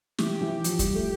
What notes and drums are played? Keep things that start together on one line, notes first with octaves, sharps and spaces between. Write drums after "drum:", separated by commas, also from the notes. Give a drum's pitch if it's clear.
E3 G4, drum: snare
E3
F3, drum: hi-hat
G3, drum: kick, hi-hat
A3